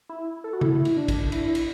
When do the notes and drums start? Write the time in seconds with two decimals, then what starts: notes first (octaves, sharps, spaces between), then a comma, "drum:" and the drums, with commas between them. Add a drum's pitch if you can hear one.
0.09 E4
0.44 A4
0.53 F#4
0.61 E4, drum: tom
0.85 drum: cymbal
0.97 D4
1.08 drum: kick A1, cymbal
1.32 E4, drum: cymbal
1.55 drum: cymbal